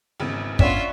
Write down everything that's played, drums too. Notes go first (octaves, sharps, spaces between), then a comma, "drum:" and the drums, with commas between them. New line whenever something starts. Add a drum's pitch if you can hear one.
G#1 E2 C#3
B3 C#4 D4 F4 E5, drum: kick